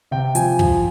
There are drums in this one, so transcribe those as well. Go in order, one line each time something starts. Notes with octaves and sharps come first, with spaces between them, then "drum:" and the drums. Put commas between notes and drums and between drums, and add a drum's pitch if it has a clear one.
C3 G5
F3 G#5, drum: hi-hat
F3, drum: kick